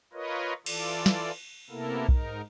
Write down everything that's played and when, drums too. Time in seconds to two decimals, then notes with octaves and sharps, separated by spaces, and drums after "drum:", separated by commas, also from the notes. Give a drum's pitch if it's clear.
0.13 F4 A#4 B4 C#5 D#5
0.66 E3 F4 A4 D5, drum: cymbal
1.06 drum: snare
1.70 C3 A#3 B3 E4 A4 A#4
2.09 G#2 D#4 A#4, drum: kick B1